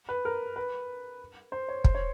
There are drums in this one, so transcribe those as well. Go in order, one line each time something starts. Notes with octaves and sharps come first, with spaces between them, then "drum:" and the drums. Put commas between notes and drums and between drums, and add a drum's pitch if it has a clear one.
B4
A#4
B4
C5
C#5
C5, drum: kick
C#5